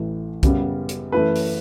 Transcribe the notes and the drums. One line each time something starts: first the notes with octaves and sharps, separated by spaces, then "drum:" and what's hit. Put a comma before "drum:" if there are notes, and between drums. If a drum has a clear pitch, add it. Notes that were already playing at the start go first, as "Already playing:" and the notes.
Already playing: A1 A2 E3 A3
F#2 C#3 G3 B3, drum: kick C2, hi-hat
drum: hi-hat
F#2 E3 A3 B4
drum: open hi-hat